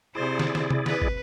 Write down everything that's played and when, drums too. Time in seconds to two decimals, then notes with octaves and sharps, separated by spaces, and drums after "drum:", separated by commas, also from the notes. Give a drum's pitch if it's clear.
0.15 C3 E4 G#4 C5 D5
0.39 drum: snare
0.55 drum: snare
0.70 drum: tom C3
0.86 B4, drum: snare
1.02 drum: kick